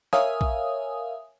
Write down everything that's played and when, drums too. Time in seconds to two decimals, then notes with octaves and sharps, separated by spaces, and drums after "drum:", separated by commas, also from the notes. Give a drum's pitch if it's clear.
0.13 A#4 C#5 E5 F5 G#5 D#6, drum: rim click
0.41 drum: kick